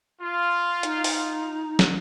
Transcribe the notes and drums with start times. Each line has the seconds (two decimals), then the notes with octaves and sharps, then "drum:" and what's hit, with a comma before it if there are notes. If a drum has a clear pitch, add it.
0.21 F4
0.83 D#4, drum: hi-hat
1.04 drum: open hi-hat
1.79 drum: snare